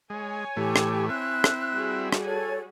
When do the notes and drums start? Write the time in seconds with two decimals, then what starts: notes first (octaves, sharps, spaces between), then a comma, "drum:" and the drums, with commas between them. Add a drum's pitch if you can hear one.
0.10 G#3 C#5 G#5
0.57 A2 E3 A3 G4
0.76 drum: rim click
1.10 C4 E4 E5 F#6
1.44 drum: rim click
1.72 G3 F#4 G#4
2.12 drum: rim click
2.24 A4 C#5 G#5